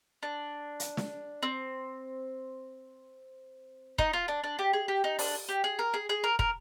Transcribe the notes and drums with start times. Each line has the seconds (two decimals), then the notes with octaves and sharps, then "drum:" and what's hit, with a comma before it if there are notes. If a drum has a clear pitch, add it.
0.23 D4
0.80 drum: hi-hat
0.97 drum: snare
1.43 C4
3.98 D#4, drum: kick
4.13 F4
4.28 D4
4.44 D4
4.59 G4
4.73 G#4
4.88 G4
5.04 D#4
5.19 D4, drum: open hi-hat
5.49 G4
5.64 G#4
5.79 A#4
5.94 G#4
6.09 G#4
6.24 A#4
6.39 A#4, drum: kick